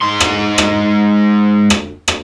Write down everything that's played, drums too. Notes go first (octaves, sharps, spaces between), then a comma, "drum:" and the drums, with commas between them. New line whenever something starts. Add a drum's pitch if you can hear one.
G#2 C6
drum: rim click
drum: rim click
drum: rim click
drum: rim click